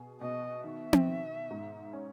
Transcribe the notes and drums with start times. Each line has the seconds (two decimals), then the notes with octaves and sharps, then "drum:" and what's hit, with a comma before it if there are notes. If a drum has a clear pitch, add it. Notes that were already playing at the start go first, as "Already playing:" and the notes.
Already playing: B2 G#4
0.21 B2 D#5
0.64 D#3 E5
0.93 drum: tom C4
1.07 D#3
1.50 G#2
1.93 C#4